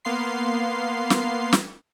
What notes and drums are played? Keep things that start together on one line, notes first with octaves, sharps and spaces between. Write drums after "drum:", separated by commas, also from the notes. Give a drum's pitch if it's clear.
A#3 B3 F5 C6 C7
drum: snare
drum: snare